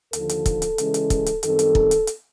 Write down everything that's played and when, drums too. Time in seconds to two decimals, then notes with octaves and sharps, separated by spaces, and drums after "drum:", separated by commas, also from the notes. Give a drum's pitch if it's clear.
0.13 D#2 D3 F3 A4, drum: hi-hat
0.29 drum: hi-hat
0.46 drum: kick, hi-hat
0.62 drum: hi-hat
0.78 C#3 E3 G#3 C#4, drum: hi-hat
0.94 drum: hi-hat
1.10 drum: kick, hi-hat
1.26 drum: hi-hat
1.43 F#2 D#3 G3 C4 A4, drum: hi-hat
1.59 drum: hi-hat
1.75 drum: kick
1.91 drum: hi-hat
2.07 drum: hi-hat